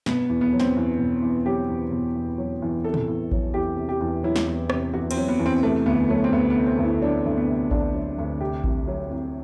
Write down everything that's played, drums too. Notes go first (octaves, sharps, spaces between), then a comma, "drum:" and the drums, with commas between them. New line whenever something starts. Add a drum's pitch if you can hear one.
B2 B3, drum: snare
E2
B3
F#3
C4, drum: snare
E2
B2
E2
F#3 G4
E2
B2
E2
F#3
E2
C3 A4
drum: tom A2
E2
F#3, drum: kick A#1
E2 G4
C3
G4
E2
F#3 E4
drum: snare
E2
C3, drum: rim click
E2 F#4
C4, drum: cymbal
F#3
B3
E2
C4
C3 A3
D2 B3
F#3 A3
C4
D2 B3
B3
C3
C4
D2
E4
F#3 D4
D2
B3
C3
D2 D4, drum: kick A#1
F#3
D2
C3 G4
C2, drum: kick A#1
F#3
C2